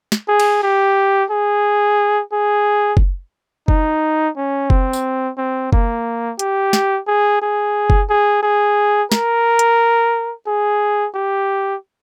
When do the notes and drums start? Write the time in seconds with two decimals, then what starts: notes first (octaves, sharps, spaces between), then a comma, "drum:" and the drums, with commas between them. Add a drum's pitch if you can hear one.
0.12 drum: snare
0.29 G#4
0.40 drum: cymbal
0.63 G4
1.31 G#4
2.33 G#4
2.97 drum: kick F#1
3.68 D#4, drum: kick F#1
4.37 C#4
4.70 C4, drum: kick F#1
4.93 drum: tambourine
5.38 C4
5.73 A#3, drum: kick F#1
6.39 G4, drum: hi-hat
6.73 drum: snare
7.08 G#4
7.42 G#4
7.90 drum: kick F#1
8.10 G#4
8.43 G#4
9.12 A#4, drum: snare
9.59 drum: hi-hat
10.47 G#4
11.15 G4